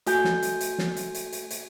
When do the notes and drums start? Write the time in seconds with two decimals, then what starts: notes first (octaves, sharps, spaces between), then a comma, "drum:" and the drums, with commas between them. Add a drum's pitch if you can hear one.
0.07 A3 F#4 G#5 G6, drum: hi-hat
0.24 drum: snare
0.42 drum: hi-hat
0.60 drum: hi-hat
0.78 drum: snare
0.96 drum: hi-hat
1.14 drum: hi-hat
1.32 drum: hi-hat
1.50 drum: hi-hat